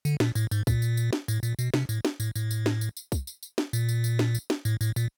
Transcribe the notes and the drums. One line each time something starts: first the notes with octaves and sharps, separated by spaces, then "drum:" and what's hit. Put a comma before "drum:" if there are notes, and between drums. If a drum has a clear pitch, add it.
D3, drum: tambourine
A#2, drum: snare
A2, drum: tambourine
G#2, drum: tambourine
A#2, drum: kick, tambourine
drum: tambourine
drum: tambourine
drum: snare
A2, drum: tambourine
A#2, drum: tambourine
B2, drum: tambourine
C3, drum: snare
A2, drum: tambourine
drum: snare
A2, drum: tambourine
A2, drum: tambourine
drum: tambourine
drum: snare
drum: tambourine
drum: tambourine
drum: kick, tambourine
drum: tambourine
drum: tambourine
drum: snare
A#2, drum: tambourine
drum: tambourine
drum: tambourine
drum: snare
drum: tambourine
drum: snare
A2, drum: tambourine
A2, drum: tambourine
A#2, drum: tambourine